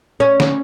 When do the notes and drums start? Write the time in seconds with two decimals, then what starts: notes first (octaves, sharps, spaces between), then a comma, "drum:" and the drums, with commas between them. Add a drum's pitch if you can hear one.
0.20 C#4
0.40 drum: snare